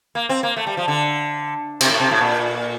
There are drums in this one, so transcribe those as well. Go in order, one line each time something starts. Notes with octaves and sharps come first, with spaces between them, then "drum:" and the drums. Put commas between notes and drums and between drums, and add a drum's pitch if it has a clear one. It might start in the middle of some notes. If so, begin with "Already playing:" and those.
A#3
C4
A#3
A3
G3
F3
D3
C3, drum: cymbal
A2
C3
A2
A#2